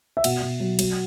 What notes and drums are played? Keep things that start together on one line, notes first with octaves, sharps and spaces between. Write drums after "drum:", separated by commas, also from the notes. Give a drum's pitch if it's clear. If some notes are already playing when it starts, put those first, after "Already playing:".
E5
B2 F#5, drum: cymbal
B2
F#3
F#3, drum: cymbal